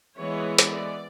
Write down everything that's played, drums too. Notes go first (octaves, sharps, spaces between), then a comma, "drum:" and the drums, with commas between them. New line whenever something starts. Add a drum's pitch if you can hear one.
E3 G#3 B3 C#5
D5, drum: hi-hat